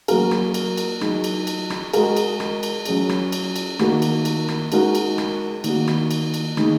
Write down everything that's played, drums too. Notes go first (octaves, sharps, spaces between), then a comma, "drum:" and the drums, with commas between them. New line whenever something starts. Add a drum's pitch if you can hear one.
F#3 A#3 F#4 A#4, drum: cymbal
drum: rim click
drum: cymbal
drum: cymbal
F#3 D#4 G#4, drum: rim click
drum: cymbal
drum: cymbal
drum: rim click
G#3 F#4 A#4, drum: cymbal
drum: cymbal
drum: rim click
drum: cymbal
F#3 C#4 G#4, drum: cymbal
drum: rim click
drum: cymbal
drum: cymbal
D#3 A#3 F#4 A#4, drum: rim click
drum: cymbal
drum: cymbal
drum: rim click
G#3 D#4 F#4 A#4, drum: cymbal
drum: cymbal
drum: rim click
D#3 A#3 F#4, drum: cymbal
drum: rim click
drum: cymbal
drum: cymbal
D#3 A#3 D#4 G#4, drum: rim click